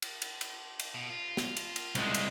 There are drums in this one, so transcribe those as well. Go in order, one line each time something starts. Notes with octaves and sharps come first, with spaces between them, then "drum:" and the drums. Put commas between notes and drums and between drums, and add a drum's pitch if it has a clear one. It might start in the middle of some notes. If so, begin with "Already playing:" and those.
drum: cymbal
drum: cymbal
drum: cymbal
drum: cymbal
B2
F4
drum: snare
drum: cymbal
drum: cymbal
C2 G#3, drum: cymbal
drum: cymbal